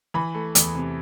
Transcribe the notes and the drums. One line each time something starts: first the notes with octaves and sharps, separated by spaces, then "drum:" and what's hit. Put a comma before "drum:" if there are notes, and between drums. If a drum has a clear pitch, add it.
E3 B5
A3
E2, drum: hi-hat
C3